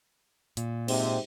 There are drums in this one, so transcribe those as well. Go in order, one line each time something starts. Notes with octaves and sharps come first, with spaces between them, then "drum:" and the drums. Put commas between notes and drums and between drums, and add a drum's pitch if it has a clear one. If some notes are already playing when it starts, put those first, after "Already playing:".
A#2, drum: hi-hat
G#2 C3 C4, drum: cymbal